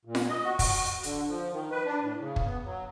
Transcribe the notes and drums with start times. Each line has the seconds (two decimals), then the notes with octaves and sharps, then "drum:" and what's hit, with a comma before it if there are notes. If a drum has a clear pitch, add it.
0.05 A#2
0.15 drum: snare F4
0.29 D#5
0.43 F#4
0.59 drum: kick, open hi-hat
1.03 D3, drum: hi-hat
1.28 F3
1.52 D#3
1.71 B4
1.86 D4
2.02 A2
2.19 C#3
2.36 drum: kick
2.45 B3
2.65 F#3